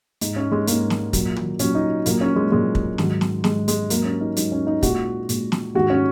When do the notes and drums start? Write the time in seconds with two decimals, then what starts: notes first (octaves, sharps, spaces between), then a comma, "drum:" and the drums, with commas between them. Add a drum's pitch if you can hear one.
0.21 G#2 G#3 D#4, drum: hi-hat
0.36 C#4
0.52 G#3
0.67 G#2 G#3 A#3, drum: hi-hat
0.90 drum: snare
1.13 A#2 F#3, drum: kick, hi-hat
1.36 drum: tom
1.59 A#2 F#3 C#4, drum: hi-hat
1.75 D#4
2.06 A#2 F#3 A#3, drum: hi-hat
2.21 C#4
2.36 G#3
2.51 A#2 F#3 G#3
2.75 drum: kick
2.98 G#2 D#3 F#3, drum: snare
3.21 drum: snare
3.44 G#2 D#3 F#3 G#3, drum: snare
3.68 G#3, drum: hi-hat
3.90 G#2 F#3 A#3, drum: hi-hat
4.05 C#4
4.21 D#4
4.37 G#2 F#3 D#4, drum: hi-hat
4.52 C#4
4.67 D#4
4.83 A#2 G#3 F#4, drum: kick, hi-hat
5.29 A#2 G#3, drum: hi-hat
5.52 drum: snare
5.75 G#2 D#3 G#3 F#4
5.90 C#4